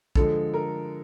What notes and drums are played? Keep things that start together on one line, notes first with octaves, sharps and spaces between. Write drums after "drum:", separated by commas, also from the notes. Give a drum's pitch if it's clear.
D3 F3 G#3 A4, drum: kick
A#4